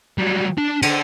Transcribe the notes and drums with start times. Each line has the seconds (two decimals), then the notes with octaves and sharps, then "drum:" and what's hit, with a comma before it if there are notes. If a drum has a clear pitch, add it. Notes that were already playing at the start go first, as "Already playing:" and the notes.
0.18 F#3 G3
0.58 D4 A5
0.82 D3 A4, drum: cymbal